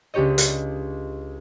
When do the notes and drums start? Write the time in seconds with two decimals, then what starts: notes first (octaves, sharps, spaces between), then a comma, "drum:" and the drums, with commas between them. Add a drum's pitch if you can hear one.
0.14 C#2 D4 G4 C#5 D#5
0.38 drum: hi-hat